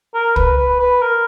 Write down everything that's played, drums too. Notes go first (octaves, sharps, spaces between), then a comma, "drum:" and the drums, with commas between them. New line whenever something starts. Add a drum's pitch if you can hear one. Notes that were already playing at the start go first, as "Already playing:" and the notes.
A#4
B4, drum: kick
B4
B4
A#4